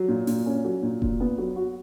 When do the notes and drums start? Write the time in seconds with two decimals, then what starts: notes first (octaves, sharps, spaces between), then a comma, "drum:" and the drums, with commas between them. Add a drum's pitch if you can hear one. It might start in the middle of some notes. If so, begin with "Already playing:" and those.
Already playing: F#3
0.08 A#2
0.27 A#2, drum: open hi-hat
0.46 C#4
0.65 F#3
0.83 A#2
1.02 A#2, drum: kick E1
1.20 B3
1.38 F#3
1.56 F#4